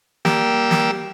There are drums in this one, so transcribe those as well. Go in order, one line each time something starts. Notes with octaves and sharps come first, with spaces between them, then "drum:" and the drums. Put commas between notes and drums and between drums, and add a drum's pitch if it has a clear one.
G3 A#3 G4 E6, drum: snare
drum: snare